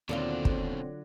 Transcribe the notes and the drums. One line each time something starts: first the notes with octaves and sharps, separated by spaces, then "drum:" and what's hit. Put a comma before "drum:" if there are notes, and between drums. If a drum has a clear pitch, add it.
D#2 B2 D3 F#3 C4 D4 F4
drum: kick